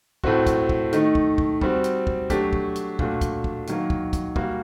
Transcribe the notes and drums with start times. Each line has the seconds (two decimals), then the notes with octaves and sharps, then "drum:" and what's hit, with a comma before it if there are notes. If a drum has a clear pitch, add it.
0.24 A2 A3 C4 F#4, drum: kick
0.47 drum: kick, hi-hat
0.69 drum: kick
0.93 D#3 A3 D#4, drum: hi-hat
1.15 drum: kick
1.38 drum: kick
1.61 G3 C4 F#4, drum: kick
1.84 drum: hi-hat
2.07 drum: kick
2.30 F#3 A3 D4 G4, drum: kick, hi-hat
2.53 drum: kick
2.76 drum: hi-hat
2.99 A#2 A3 D4 F#4, drum: kick
3.21 drum: kick, hi-hat
3.44 drum: kick
3.67 D#3 F#3 A#3, drum: hi-hat
3.90 drum: kick
4.13 drum: kick, hi-hat
4.36 G3 A#3 F#4, drum: kick